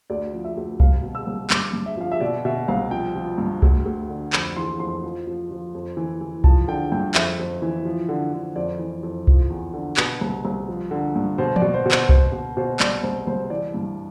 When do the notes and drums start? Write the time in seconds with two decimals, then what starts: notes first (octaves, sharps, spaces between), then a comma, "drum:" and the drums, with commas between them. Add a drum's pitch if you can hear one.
0.10 D2 D5
0.33 F3
0.45 E5
0.57 D2
0.80 C2 F5, drum: kick C2
1.03 B2
1.15 E6
1.27 C2
1.50 G2 D6, drum: clap
1.73 G2
1.86 E5
1.97 F3 F5
2.12 E5
2.20 B2 D5
2.45 B2 E5
2.68 C2 F5
2.91 F3 G5
3.16 F3
3.38 G2
3.62 D2, drum: kick C2
3.86 D2
4.09 D3
4.33 F2 B5, drum: clap
4.56 E3 C6
4.80 F2 C6
5.04 F3
5.27 F3
5.51 F3
5.75 F2
5.97 E3
6.21 E3
6.44 F3 A5, drum: kick C2
6.68 D3 G5
6.92 G2 G5
7.15 F2 E5, drum: clap
7.39 F2
7.62 E3
7.85 F3
8.09 D3
8.33 D3
8.56 F2 D5
8.79 E3
9.03 F2
9.27 F3, drum: kick C2
9.50 E2
9.74 D3
9.97 B2 B4, drum: clap
10.21 C2
10.45 C2
10.68 F3
10.91 D3
11.16 G2
11.38 B2 C5
11.56 D5, drum: tom E3
11.62 B2
11.74 C5
11.86 B2
11.91 C5, drum: clap
12.09 B2 C5, drum: kick C2
12.32 B2
12.57 B2 C5
12.80 C2 D5, drum: clap
13.03 C2 C5
13.27 C2 C5
13.50 E3 D5
13.74 G2